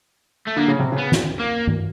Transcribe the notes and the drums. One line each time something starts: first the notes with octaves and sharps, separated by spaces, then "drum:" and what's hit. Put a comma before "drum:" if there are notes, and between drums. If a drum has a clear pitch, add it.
A3
D3 A#3
C#3
C3
C#3
B3
drum: snare
A#3
drum: tom G2